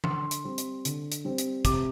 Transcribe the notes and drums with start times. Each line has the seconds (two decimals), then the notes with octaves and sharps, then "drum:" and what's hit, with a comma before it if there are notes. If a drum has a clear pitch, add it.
0.04 D3 C6, drum: tom
0.31 drum: hi-hat
0.44 G3 C4
0.58 drum: hi-hat
0.85 D3, drum: hi-hat
1.12 drum: hi-hat
1.25 G3 C4
1.38 drum: hi-hat
1.65 C3 D6, drum: kick, hi-hat